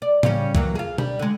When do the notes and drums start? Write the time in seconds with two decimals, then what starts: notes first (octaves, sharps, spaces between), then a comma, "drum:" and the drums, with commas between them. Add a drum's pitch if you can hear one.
0.02 D5
0.23 C#3 G3 C#4, drum: tom A2
0.55 E3 F#3 A#3, drum: kick
0.75 F4 G#4
0.98 G3, drum: tom B2
1.19 D3 G#3